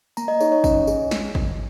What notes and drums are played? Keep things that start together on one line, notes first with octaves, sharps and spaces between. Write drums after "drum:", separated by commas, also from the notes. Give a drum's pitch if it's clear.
A#3 A#5, drum: tambourine
D#5
D#4 G#4 C#5, drum: tambourine
C#5
C#4 D#5, drum: kick, tambourine
G#4, drum: tambourine
drum: snare
drum: kick